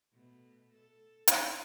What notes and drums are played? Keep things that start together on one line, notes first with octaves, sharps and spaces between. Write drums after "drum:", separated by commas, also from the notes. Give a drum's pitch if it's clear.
B2 A3
A4
drum: hi-hat